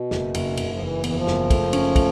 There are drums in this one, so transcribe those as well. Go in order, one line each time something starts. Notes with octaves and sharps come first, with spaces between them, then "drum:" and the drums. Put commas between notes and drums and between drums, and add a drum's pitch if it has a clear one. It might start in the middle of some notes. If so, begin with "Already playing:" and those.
Already playing: B2
F#1, drum: snare
F#1, drum: cymbal
F#1, drum: cymbal
F3
F#1 E3
E2 E3, drum: cymbal
F3
F#1, drum: snare
A3, drum: kick, cymbal
C#4, drum: cymbal
A3, drum: kick, cymbal